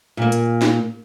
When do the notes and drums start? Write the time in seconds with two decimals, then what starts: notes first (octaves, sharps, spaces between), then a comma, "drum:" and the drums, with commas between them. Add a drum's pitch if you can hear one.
0.17 A#2 A#3
0.32 drum: hi-hat
0.62 drum: snare